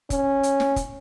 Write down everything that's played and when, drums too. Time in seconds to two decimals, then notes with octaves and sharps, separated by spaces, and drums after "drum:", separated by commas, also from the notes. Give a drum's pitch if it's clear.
0.10 C#4, drum: kick, hi-hat
0.43 drum: hi-hat
0.60 drum: snare
0.76 drum: kick, hi-hat